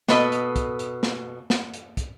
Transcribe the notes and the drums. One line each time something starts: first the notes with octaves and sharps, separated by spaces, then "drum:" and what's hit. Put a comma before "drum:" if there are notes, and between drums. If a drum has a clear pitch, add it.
B2 A4 B4 D#5, drum: snare
drum: hi-hat
drum: kick, hi-hat
drum: hi-hat
drum: snare
drum: snare
drum: hi-hat
drum: kick, hi-hat